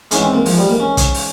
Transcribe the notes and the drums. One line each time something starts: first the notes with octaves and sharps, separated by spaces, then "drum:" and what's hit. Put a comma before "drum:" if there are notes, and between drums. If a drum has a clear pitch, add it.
G#2 E3 C#4, drum: hi-hat
C4
A#3
F3, drum: open hi-hat
G3
A#3
C#4
drum: kick, hi-hat
drum: open hi-hat